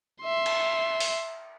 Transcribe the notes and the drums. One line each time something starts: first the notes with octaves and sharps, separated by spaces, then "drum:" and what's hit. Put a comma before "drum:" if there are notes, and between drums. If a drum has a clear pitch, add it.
E5 C6
drum: cymbal
drum: open hi-hat